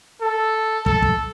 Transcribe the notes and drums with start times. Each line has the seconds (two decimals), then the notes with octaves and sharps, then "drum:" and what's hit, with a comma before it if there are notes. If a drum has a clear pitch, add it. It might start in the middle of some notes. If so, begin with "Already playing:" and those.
0.22 A4
0.86 A4, drum: kick
1.02 drum: kick